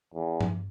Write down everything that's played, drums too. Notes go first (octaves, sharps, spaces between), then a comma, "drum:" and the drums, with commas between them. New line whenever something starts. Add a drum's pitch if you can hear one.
E2
drum: tom G2